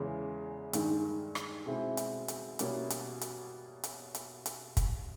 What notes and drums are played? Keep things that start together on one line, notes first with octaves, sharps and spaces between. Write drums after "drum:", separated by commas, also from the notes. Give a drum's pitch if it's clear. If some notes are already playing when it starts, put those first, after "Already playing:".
Already playing: E2 C#3 E3 G#3
G2 D#3 G#3, drum: hi-hat
drum: rim click
B2 G#3 C4 E4
drum: hi-hat
drum: hi-hat
B2 G3 A#3 C#4 E4, drum: hi-hat
drum: hi-hat
drum: hi-hat
drum: hi-hat
drum: hi-hat
drum: hi-hat
drum: kick, hi-hat